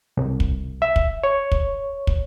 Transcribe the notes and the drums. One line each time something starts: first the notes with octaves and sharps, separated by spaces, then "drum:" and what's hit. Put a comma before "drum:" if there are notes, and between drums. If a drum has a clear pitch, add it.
C2
drum: kick
E5
drum: kick
C#5
drum: kick
drum: kick